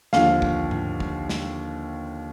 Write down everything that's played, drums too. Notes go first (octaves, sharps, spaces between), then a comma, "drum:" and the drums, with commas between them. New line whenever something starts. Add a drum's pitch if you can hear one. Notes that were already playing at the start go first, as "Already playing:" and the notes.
D#2 D3 F3 F5, drum: snare
drum: kick A#1
drum: tom G#2
drum: kick A#1
drum: snare